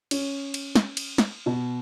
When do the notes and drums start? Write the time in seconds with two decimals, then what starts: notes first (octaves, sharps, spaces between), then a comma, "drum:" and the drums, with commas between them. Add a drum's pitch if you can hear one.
0.11 C#4, drum: cymbal
0.54 drum: cymbal
0.75 drum: snare
0.97 drum: cymbal
1.18 drum: snare
1.46 B2